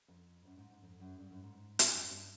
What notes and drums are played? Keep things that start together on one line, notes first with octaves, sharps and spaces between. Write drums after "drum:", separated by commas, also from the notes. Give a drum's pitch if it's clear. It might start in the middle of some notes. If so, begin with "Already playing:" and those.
F2
F#2
G#2
G#2
F2
F#2
G2
F#2
G#2
G#2
drum: hi-hat
F#2
G2